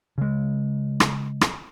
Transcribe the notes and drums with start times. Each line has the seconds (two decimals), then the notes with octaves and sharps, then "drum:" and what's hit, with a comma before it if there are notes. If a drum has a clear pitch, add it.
0.18 C#3 G#3
1.00 drum: rim click
1.41 drum: rim click